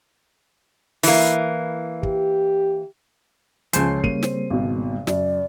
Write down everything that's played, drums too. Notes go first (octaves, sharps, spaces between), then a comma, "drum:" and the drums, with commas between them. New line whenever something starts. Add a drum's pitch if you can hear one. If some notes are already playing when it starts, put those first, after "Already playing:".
E3 A#3, drum: open hi-hat
G4, drum: kick
C#2 C#3 F3 C5 G#5 A5 C7, drum: hi-hat
G3 A#3 D#7, drum: kick
C4, drum: snare
G#1 B2
F#2 D5, drum: snare